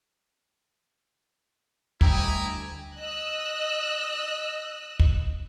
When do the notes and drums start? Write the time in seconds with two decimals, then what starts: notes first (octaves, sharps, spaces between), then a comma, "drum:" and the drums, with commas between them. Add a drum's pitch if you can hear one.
2.01 D2 G3 E4 D#5 G5 G#5 A#5 D7, drum: kick
2.98 D#5 E6 F#6
5.00 drum: kick